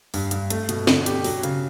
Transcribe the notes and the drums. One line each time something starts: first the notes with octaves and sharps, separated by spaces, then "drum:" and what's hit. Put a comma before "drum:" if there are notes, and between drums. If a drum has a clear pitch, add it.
G2, drum: open hi-hat
G2, drum: hi-hat
A3, drum: hi-hat
B2, drum: hi-hat
D3, drum: snare
G4, drum: hi-hat
F#3, drum: open hi-hat
C#3, drum: hi-hat